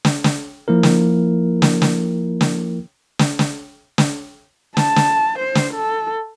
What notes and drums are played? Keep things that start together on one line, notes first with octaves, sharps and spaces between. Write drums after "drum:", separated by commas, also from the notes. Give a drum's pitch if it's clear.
drum: snare
drum: snare
F3 A#3 E4 A#4
drum: snare
drum: snare
drum: snare
drum: snare
drum: snare
drum: snare
drum: snare
A5, drum: snare
drum: snare
C5
drum: snare
A4